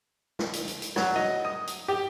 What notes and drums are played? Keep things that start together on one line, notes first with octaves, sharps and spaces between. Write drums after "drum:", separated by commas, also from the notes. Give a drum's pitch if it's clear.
drum: snare
drum: hi-hat
drum: hi-hat
drum: hi-hat
F#3, drum: snare
D#5
D#6
drum: hi-hat
G4